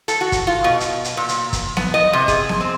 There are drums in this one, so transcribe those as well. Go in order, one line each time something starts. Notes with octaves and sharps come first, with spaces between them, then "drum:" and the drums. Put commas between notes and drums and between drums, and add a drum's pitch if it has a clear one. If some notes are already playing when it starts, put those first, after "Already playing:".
A4, drum: hi-hat
F#4
drum: kick, hi-hat
F4
B2
drum: hi-hat
drum: hi-hat
A#2
drum: hi-hat
drum: kick, hi-hat
B3, drum: snare B3
D#5
C3
G#4, drum: kick, hi-hat
drum: snare B3
C4